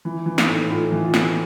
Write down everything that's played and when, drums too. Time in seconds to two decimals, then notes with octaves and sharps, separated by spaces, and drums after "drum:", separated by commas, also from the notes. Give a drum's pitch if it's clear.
0.05 E3
0.26 E3
0.38 D#4, drum: snare
0.48 A2
0.70 A2 F4
0.92 E3
1.04 F4
1.14 E3, drum: snare